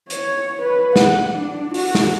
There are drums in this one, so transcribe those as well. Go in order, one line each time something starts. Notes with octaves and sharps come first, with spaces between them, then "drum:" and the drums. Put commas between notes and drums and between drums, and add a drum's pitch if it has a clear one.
C#5, drum: hi-hat
B4
F#5, drum: snare
D4
F#4, drum: open hi-hat
drum: snare